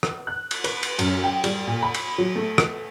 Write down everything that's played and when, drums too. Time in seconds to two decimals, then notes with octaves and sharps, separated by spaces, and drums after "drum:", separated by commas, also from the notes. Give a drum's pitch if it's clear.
0.03 drum: rim click
0.27 F#6
0.51 drum: cymbal
0.64 B4, drum: cymbal
0.83 drum: cymbal
0.99 F#2, drum: cymbal
1.24 G5
1.44 G3, drum: cymbal
1.67 A#2
1.82 B5
1.94 drum: cymbal
2.18 F#3
2.36 A3
2.58 drum: rim click